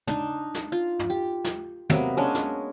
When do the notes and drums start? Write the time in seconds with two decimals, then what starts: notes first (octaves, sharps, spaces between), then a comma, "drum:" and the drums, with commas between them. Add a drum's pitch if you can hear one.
0.07 D4 D#4, drum: tom
0.54 drum: snare
0.72 F4
0.99 drum: tom
1.10 G4
1.44 drum: snare
1.90 C3 F#3 A#3 B3, drum: tom
2.17 G#3 C#4 D4
2.35 drum: snare